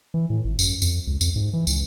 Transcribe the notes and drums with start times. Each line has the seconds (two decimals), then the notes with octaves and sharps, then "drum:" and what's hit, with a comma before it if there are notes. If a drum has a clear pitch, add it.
0.14 E3
0.30 A2
0.44 G#1
0.59 F#2, drum: tambourine
0.82 F2, drum: tambourine
1.07 C#2
1.21 F2, drum: tambourine
1.36 G#2
1.53 E3
1.67 C#2, drum: tambourine